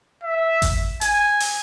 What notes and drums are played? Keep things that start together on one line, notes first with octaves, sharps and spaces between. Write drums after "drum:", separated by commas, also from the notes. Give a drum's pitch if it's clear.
E5
drum: kick G#1, hi-hat
G#5, drum: hi-hat
drum: open hi-hat